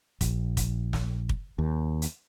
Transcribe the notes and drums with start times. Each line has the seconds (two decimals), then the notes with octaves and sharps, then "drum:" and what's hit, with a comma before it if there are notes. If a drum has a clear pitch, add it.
0.21 A#1, drum: kick, hi-hat
0.57 drum: kick, hi-hat
0.93 drum: snare
1.29 drum: kick
1.59 D#2
2.02 drum: hi-hat